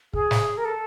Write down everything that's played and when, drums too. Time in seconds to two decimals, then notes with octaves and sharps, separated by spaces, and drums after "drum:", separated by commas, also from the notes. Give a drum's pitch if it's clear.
0.13 G#4, drum: kick
0.31 drum: snare
0.57 A#4
0.65 A4